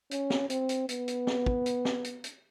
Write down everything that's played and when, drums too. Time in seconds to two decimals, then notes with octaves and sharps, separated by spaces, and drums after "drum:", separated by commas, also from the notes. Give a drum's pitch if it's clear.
0.11 C#4, drum: hi-hat
0.30 drum: snare
0.50 C4, drum: hi-hat
0.69 drum: hi-hat
0.89 B3, drum: hi-hat
1.08 drum: hi-hat
1.27 drum: snare
1.46 drum: kick
1.66 drum: hi-hat
1.85 drum: snare
2.04 drum: hi-hat
2.24 drum: hi-hat